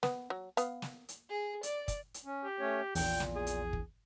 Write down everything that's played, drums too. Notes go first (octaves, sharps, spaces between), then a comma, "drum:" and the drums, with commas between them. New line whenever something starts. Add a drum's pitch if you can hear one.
B3, drum: snare
F#3
B3 F5, drum: hi-hat
drum: snare
drum: hi-hat
G#4
D5, drum: hi-hat
drum: kick, hi-hat
drum: hi-hat
C#4
G4
A3 C#4 C#5
A#1 E2 A#2 G5, drum: open hi-hat
drum: snare
G#4
drum: hi-hat
drum: kick